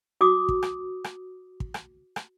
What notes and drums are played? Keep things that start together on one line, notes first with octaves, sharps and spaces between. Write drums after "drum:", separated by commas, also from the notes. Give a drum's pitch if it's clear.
F#4 D6 D#6
drum: kick
drum: rim click
drum: rim click
drum: kick
drum: rim click
drum: rim click